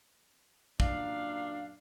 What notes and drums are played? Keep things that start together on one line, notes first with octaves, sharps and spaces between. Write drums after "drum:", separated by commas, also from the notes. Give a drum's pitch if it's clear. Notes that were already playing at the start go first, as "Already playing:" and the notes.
F#2 A#2 D4 F5, drum: kick